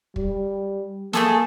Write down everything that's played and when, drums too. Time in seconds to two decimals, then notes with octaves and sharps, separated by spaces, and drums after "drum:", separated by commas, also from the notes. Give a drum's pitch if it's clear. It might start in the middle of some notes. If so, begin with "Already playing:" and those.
0.16 G3, drum: kick
1.13 A3 A#3 G#4 A4, drum: snare